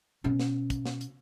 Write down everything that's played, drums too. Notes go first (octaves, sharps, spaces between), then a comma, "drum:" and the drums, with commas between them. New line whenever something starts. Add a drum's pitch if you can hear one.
B2 C#4
drum: snare
drum: kick, hi-hat
drum: snare
drum: hi-hat